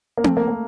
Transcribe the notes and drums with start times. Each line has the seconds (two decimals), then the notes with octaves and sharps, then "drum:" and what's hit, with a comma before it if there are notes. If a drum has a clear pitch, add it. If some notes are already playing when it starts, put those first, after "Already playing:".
0.18 A#3
0.24 A3, drum: tom C4
0.37 A#3
0.48 A#3